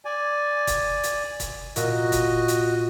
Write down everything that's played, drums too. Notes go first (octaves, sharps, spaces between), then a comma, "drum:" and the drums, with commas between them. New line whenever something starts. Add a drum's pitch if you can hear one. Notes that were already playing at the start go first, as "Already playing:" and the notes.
D5 G#5
drum: kick F#1, hi-hat
drum: hi-hat
drum: kick F#1, hi-hat
A#2 F#4 D#5, drum: hi-hat
drum: kick F#1, hi-hat
drum: hi-hat